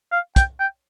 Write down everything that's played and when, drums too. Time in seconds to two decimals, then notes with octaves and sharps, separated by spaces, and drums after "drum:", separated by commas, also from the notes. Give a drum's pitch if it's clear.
0.12 F5
0.36 G5, drum: kick, hi-hat
0.60 G5